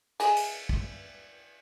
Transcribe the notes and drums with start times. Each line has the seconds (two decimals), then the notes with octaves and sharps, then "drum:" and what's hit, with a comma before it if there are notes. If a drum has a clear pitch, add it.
0.20 G#4 D#5 G#5, drum: cymbal
0.36 drum: cymbal
0.69 drum: kick